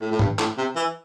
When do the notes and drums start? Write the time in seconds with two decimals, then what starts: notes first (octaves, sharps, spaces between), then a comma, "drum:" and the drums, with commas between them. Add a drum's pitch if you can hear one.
0.01 A2
0.11 A2
0.19 G2, drum: tom G#2
0.39 A2, drum: clap
0.57 C3
0.76 E3